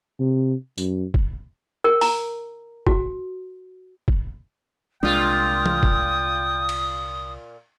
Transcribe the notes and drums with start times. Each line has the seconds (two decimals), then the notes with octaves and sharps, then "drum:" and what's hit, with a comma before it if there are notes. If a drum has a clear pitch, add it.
0.20 C3
0.78 F#2, drum: tambourine
1.14 drum: kick
1.84 A#4
2.01 A#5, drum: open hi-hat
2.87 F#4, drum: kick
4.08 drum: kick
5.03 C2 A#2 G#3 D4 F4 G5 D#6
5.66 drum: tom E3
5.83 drum: kick
6.69 drum: cymbal